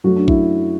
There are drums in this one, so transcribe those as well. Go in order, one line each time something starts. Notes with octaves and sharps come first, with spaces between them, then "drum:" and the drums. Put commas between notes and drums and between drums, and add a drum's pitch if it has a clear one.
F#2 F#3 A3 F#4
D4
E4, drum: kick A1